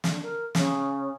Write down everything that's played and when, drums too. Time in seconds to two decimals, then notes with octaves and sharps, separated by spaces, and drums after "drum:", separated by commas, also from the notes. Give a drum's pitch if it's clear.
0.04 D3, drum: snare
0.22 A#4
0.55 C#3, drum: snare